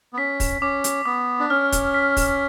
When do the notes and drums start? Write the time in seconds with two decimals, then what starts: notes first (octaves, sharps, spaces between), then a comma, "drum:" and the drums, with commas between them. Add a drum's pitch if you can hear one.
0.13 B3
0.18 C#4 B6
0.40 drum: kick, open hi-hat
0.61 C#4 D6
0.84 drum: hi-hat
1.06 B3 D6
1.39 D4
1.50 C#4 F6
1.72 drum: kick, hi-hat
1.94 B6
2.17 drum: kick, open hi-hat